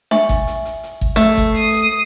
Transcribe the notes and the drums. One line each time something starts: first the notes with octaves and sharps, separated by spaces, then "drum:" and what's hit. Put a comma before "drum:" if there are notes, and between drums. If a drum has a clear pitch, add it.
E5 G#5 C#6, drum: snare D4
drum: kick, hi-hat
drum: hi-hat
drum: hi-hat
drum: hi-hat
drum: kick
A3
drum: kick, hi-hat
D#6 C7, drum: hi-hat
drum: hi-hat